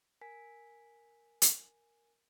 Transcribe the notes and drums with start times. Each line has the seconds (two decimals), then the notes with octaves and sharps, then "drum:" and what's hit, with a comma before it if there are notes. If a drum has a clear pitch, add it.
0.21 A#4 G#5 B6
1.42 drum: hi-hat